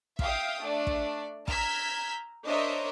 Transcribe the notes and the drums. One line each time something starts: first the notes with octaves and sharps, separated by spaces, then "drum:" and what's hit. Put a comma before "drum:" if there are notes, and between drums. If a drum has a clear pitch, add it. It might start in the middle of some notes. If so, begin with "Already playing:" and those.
E5 F5 G5 D#6, drum: kick
A3 D4 D5
drum: kick
A#5 E6 F6 G6 G#6 B6, drum: kick
D4 A#4 C5 C#5 D#5 E5